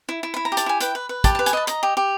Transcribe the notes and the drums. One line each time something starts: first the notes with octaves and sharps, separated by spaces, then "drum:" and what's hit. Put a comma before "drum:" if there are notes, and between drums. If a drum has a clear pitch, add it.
E4
E4
E4 B5
A#5
G4
A5, drum: hi-hat
E4 G#5
B4 G5, drum: hi-hat
B4
B4
G4 A5, drum: kick, hi-hat
A5
B4
G#5, drum: hi-hat
D#5 A5
D#5 A#5, drum: hi-hat
G4
G4